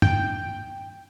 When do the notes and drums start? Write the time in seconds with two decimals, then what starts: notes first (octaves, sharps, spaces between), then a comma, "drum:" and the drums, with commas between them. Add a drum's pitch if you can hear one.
0.02 G5, drum: tom